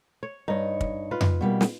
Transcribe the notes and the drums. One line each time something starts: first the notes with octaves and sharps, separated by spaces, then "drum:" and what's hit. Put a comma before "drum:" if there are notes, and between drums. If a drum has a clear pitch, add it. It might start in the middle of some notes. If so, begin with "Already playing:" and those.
C#5
G2 D#4 C#5
drum: kick
F4 B4
drum: tom F2
B2 G3 A#3
drum: snare